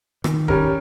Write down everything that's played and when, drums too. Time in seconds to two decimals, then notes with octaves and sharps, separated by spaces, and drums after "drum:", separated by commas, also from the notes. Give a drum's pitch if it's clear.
0.24 D#3, drum: rim click
0.48 G3 C#4 A#4, drum: kick